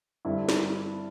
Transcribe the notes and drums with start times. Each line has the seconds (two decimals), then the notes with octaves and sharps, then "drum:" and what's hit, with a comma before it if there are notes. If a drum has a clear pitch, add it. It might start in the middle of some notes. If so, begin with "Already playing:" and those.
0.25 G2 D3 C4 E4
0.49 drum: snare